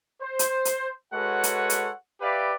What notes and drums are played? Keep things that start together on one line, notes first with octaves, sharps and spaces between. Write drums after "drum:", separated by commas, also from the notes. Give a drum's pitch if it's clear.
C5
drum: hi-hat
drum: hi-hat
G#3 F#4 A4 B4 C#5 F#5
drum: hi-hat
drum: hi-hat
G4 B4 D5 E5 F5 B5